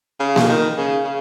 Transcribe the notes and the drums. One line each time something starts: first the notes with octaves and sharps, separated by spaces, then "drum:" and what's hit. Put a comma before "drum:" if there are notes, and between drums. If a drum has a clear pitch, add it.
C#3
drum: snare A#3
D#3
C#3
C#3